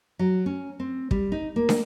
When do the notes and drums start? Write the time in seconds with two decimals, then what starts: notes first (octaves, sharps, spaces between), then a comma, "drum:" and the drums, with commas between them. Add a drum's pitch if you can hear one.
0.19 F#3
0.46 C#4
0.80 C4
1.11 G3, drum: kick
1.32 D#4
1.56 A#3
1.69 drum: snare